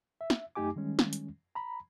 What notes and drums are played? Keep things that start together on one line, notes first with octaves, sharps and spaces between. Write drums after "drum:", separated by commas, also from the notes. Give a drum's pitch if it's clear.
E5
drum: snare
F#2 A3 D#4 G4 G#5 D6
D#3 G3 G#3 C#4
drum: snare
drum: hi-hat
A#5 B5